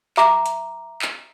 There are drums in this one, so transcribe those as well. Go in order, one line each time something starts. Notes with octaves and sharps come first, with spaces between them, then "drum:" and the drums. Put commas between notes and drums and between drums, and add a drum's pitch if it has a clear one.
E5 A#5 D6, drum: clap
drum: hi-hat
drum: clap